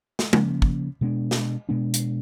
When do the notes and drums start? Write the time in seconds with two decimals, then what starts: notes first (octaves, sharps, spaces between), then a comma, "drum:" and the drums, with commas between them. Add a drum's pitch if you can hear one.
0.19 drum: snare
0.33 C#3 F3 A#3 C#4, drum: tom G#3
0.62 drum: kick
1.01 B2 G#3 B3 D4
1.31 drum: snare
1.69 B2 G#3 B3 D4
1.94 drum: hi-hat